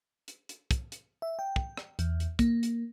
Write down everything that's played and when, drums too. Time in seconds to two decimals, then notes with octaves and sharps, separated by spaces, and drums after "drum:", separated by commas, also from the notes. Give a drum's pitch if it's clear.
0.28 drum: hi-hat
0.49 drum: hi-hat
0.71 drum: kick, hi-hat
0.92 drum: hi-hat
1.22 E5
1.39 G5
1.56 drum: kick
1.77 drum: rim click
1.99 E2, drum: hi-hat
2.20 drum: hi-hat
2.39 A#3, drum: kick, hi-hat
2.63 drum: hi-hat